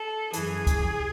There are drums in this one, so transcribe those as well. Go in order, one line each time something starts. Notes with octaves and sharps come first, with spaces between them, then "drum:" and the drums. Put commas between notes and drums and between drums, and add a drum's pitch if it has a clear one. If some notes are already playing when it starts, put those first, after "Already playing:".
Already playing: A4
F#2 E3 G#4, drum: hi-hat
drum: kick, hi-hat